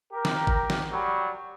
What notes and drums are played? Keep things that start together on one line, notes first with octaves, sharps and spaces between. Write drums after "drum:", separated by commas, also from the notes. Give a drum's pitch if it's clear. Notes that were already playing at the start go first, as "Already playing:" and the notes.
G4 A#4
drum: snare
drum: kick G#1
drum: snare
F#3 G3